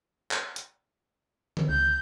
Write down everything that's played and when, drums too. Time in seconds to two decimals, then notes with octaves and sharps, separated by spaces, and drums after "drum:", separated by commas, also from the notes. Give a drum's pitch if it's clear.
0.31 drum: clap
0.56 drum: hi-hat
1.57 drum: tom D3
1.69 C#2 G6